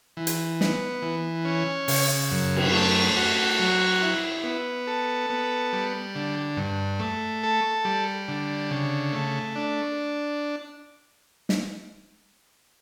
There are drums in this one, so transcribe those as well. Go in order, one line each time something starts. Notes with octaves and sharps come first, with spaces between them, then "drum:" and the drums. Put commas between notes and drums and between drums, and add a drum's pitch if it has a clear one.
E3
drum: hi-hat
B3, drum: snare
E3
C#4
C#3, drum: open hi-hat
F#2
drum: cymbal
A3
F#4
F#3
E4
B3
A4
B3
G3
D3
G2
A3
A4
G3
D3
C#3
A3
D4
drum: snare